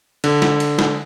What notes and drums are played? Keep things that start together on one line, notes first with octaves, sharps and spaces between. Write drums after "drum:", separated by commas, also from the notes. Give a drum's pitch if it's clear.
D3, drum: cymbal
drum: snare
drum: cymbal
drum: snare